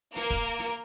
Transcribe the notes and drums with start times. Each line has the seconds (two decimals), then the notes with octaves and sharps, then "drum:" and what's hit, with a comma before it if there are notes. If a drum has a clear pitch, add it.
0.16 A#3 A#4, drum: open hi-hat
0.30 drum: kick, hi-hat
0.59 drum: open hi-hat